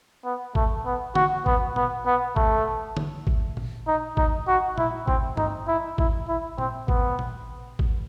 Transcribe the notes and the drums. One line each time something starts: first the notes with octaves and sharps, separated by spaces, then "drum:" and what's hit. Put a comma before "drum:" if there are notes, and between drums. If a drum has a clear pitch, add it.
B3
A3, drum: kick A1
B3
F#4, drum: tom D3
B3, drum: kick A1
B3, drum: tom A#2
B3
A3, drum: kick A1
drum: tom D3
drum: kick A1
drum: tom A#2
D#4
D#4, drum: kick A1
F#4
E4, drum: tom A#2
C4, drum: kick A1
D#4, drum: tom
E4
E4, drum: kick A1
E4
C4, drum: tom A#2
B3, drum: kick A1
drum: tom A#2
drum: kick A1